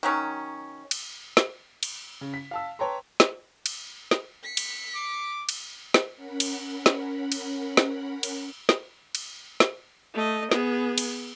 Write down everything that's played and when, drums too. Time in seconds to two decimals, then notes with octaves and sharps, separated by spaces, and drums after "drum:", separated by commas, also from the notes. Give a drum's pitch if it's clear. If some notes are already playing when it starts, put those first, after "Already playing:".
0.03 D#3 F#3 C#4
0.91 drum: cymbal
1.37 drum: snare
1.83 drum: cymbal
2.21 C#3
2.34 B6
2.51 F5 A5 E6
2.79 B4 C#5 G5 A5 A#5 C6
3.20 drum: snare
3.66 drum: cymbal
4.11 drum: snare
4.43 B6 C#7
4.57 drum: cymbal
4.95 D6
5.49 drum: cymbal
5.94 drum: snare
6.16 C#4 A#4 F#5 B5
6.40 drum: cymbal
6.86 drum: snare
7.32 drum: cymbal
7.77 drum: snare
8.23 drum: cymbal
8.69 drum: snare
9.15 drum: cymbal
9.60 drum: snare
10.14 A3 D#5
10.51 B3 G#4, drum: snare
10.98 drum: cymbal